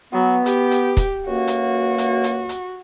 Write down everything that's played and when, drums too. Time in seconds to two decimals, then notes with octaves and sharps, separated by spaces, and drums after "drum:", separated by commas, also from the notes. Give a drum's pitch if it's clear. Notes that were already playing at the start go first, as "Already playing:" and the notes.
0.13 F#3 B3
0.46 G4, drum: hi-hat
0.71 drum: hi-hat
0.97 drum: kick, hi-hat
1.27 C#2 F#2 A#3 F#4
1.48 drum: hi-hat
1.98 drum: hi-hat
2.24 drum: hi-hat
2.49 drum: hi-hat